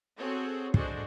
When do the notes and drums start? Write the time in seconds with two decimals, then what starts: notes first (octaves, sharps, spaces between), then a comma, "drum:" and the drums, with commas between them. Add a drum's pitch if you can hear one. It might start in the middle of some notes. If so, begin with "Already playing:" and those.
0.17 C4 F#4 G#4 A4 C#5
0.74 G#3 D4 F#4 G#4 A4 C5, drum: kick